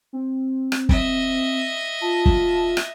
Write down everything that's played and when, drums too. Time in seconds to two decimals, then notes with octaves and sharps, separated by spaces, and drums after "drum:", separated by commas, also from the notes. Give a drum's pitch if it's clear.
0.13 C4
0.72 drum: rim click
0.89 D#5 E5, drum: kick
2.01 F4 A5
2.26 drum: kick
2.77 drum: rim click